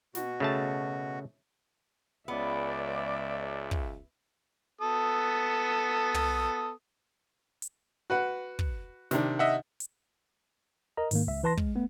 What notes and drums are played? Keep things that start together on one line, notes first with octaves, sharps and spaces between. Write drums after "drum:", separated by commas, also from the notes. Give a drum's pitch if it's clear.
B2 F#4, drum: snare
C#3 A3 A5
C#2 B3 D5 E5
drum: kick
B3 A4 D#6
drum: tom
drum: hi-hat
F#4 B4 F#5
drum: kick
C3 D#3 D4, drum: snare
D#5 E5 F#5
drum: hi-hat
A#4 D#5 A#5
G#2 D#3 A#3, drum: open hi-hat
C#2 E5
E3 B4 A5 C6 A#6
G#3, drum: kick
A3 B3